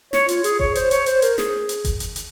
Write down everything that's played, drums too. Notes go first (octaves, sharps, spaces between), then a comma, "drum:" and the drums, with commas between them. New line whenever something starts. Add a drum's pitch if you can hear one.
C#5, drum: snare
F4, drum: hi-hat
G#4, drum: hi-hat
C#5, drum: kick F#1
C5, drum: hi-hat
C#5, drum: hi-hat
C5, drum: hi-hat
A#4, drum: hi-hat
G#4, drum: snare
drum: hi-hat
drum: kick F#1, hi-hat
drum: hi-hat
drum: hi-hat